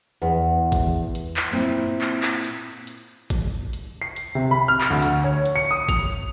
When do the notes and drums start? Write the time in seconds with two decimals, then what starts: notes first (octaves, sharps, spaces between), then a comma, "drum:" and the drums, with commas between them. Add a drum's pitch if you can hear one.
0.22 E2
0.72 drum: kick G#1, hi-hat
1.15 drum: hi-hat
1.37 drum: clap
1.51 A#2 C4 E4
2.01 drum: clap
2.23 drum: clap
2.44 drum: hi-hat
2.87 drum: hi-hat
3.30 drum: kick G#1, hi-hat
3.73 drum: hi-hat
4.02 C7
4.16 drum: hi-hat
4.35 C3
4.51 B5
4.68 F6
4.81 drum: clap
4.90 D2
5.02 drum: hi-hat
5.24 C#5
5.45 drum: hi-hat
5.56 C#7
5.71 D#6
5.89 F7, drum: kick G#1, hi-hat